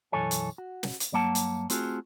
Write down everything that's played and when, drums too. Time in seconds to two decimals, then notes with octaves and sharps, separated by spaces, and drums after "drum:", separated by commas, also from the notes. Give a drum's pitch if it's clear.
0.12 B1 F#2 E3 A4 C#5 G#5
0.31 drum: hi-hat
0.58 F#4
0.83 drum: snare
1.00 drum: hi-hat
1.12 G2 F#3 A#3 F#5 A5
1.35 drum: hi-hat
1.70 A3 C4 F4 F#4 G#4, drum: hi-hat